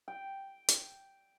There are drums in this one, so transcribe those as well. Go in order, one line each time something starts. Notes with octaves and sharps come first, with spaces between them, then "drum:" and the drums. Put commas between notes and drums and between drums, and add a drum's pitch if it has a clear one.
G5
drum: hi-hat